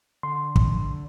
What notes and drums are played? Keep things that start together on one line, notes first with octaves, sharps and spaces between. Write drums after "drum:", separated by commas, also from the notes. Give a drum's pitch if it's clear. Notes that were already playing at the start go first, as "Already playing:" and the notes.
D3 C6
drum: kick